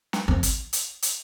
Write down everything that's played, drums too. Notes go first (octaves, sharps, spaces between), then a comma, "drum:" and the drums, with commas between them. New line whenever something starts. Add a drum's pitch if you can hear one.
drum: snare
F2
drum: kick, hi-hat
drum: hi-hat
drum: hi-hat